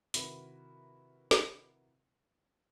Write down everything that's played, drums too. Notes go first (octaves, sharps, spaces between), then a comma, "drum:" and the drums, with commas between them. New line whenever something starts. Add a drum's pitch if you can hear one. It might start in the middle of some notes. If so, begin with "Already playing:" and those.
C3 D#3 E4 F#4 A#4 B4, drum: hi-hat
drum: snare